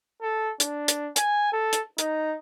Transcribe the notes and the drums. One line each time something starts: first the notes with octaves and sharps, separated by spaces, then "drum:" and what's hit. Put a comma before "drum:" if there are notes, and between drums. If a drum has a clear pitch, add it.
A4
D4, drum: hi-hat
drum: hi-hat
G#5, drum: hi-hat
A4
drum: hi-hat
D#4, drum: hi-hat